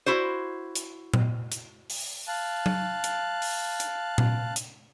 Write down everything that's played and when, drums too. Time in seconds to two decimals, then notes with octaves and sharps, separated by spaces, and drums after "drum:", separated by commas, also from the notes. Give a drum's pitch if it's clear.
0.06 E4 F#4 C5
0.75 drum: hi-hat
1.14 drum: tom A#2
1.52 drum: hi-hat
1.90 drum: open hi-hat
2.28 F5 A5 F#6
2.66 drum: tom F#3
3.04 drum: hi-hat
3.42 drum: open hi-hat
3.80 drum: hi-hat
4.18 drum: tom A#2
4.56 drum: hi-hat